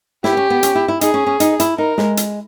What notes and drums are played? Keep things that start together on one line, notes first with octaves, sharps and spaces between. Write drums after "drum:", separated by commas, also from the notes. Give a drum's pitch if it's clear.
E4 G4, drum: snare
B3
C#4
B3
C#4, drum: hi-hat
E4
E4
D#4 G#4, drum: hi-hat
C#4
C#4
D#4, drum: hi-hat
E4, drum: hi-hat
D#4 A#4
G#3, drum: snare
drum: hi-hat